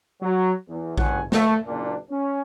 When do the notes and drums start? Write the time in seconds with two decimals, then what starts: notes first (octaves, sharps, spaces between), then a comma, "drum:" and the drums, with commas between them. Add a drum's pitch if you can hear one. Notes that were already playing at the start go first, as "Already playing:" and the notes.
0.22 F#3
0.68 E2
0.98 F#1 C#2 G2 C#5 F#5 G#5, drum: kick A#1
1.32 A3, drum: snare
1.66 F#1 A#2 D4
2.11 C#4